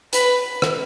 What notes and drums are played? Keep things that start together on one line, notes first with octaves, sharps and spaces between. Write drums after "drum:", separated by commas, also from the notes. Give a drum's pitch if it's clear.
B4, drum: hi-hat
drum: rim click